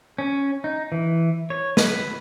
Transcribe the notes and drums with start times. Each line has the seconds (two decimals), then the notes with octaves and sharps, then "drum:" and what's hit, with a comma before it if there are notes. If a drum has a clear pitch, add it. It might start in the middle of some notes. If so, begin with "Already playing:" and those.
0.18 C#4
0.64 D#4
0.92 E3
1.50 C#5
1.77 B4, drum: snare